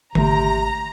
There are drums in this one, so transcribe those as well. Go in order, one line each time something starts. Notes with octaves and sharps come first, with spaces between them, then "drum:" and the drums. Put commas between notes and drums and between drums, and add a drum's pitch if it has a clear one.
G#1 C3 A3 A#5, drum: tom D3